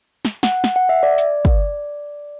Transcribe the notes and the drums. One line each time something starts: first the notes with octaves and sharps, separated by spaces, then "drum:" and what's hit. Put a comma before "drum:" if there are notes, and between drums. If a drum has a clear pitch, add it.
drum: snare
F#5, drum: snare
drum: snare
F#5
E5
D5
drum: hi-hat
drum: kick